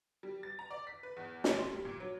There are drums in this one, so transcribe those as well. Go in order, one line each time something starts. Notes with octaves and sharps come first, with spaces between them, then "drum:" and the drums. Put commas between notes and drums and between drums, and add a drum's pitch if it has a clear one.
G3
A6
A#5
D5
B6
B4
E2
C3, drum: snare
C6
G3
A#2
F#3